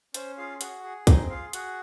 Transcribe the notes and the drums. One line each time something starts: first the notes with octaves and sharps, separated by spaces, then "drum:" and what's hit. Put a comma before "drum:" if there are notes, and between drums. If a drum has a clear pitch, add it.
C#4 C5, drum: hi-hat
F4 G#4 F5
F#4 G#4 F#5, drum: hi-hat
G#4
C4 D#4 D#5, drum: kick, hi-hat
F4 G#4 F5
F#4 G#4 F#5, drum: hi-hat